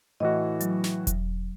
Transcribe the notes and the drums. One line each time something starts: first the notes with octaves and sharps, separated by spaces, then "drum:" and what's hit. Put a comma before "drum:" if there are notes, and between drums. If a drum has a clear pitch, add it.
A2 E3 F#4 D#5
F#3, drum: hi-hat
drum: snare
drum: kick E1, hi-hat